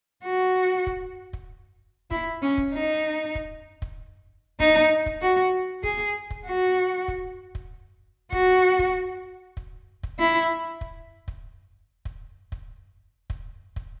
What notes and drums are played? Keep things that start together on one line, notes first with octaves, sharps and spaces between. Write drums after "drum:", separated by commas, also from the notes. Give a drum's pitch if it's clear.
F#4
drum: kick
drum: kick
E4, drum: kick
C#4
drum: kick
D#4
drum: kick
drum: kick
D#4, drum: kick
drum: kick
F#4
G#4, drum: kick
drum: kick
F#4
drum: kick
drum: kick
F#4, drum: kick
drum: kick
drum: kick
drum: kick
E4
drum: kick
drum: kick
drum: kick
drum: kick
drum: kick
drum: kick